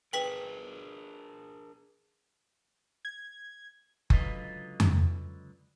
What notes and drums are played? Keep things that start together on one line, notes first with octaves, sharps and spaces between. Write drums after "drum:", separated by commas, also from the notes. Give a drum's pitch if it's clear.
D4 G#4 A#4 B4 G5 B6 F#7
G#6
C#2 D3 F#3 F4 B4 D#5, drum: kick F#1
drum: tom F2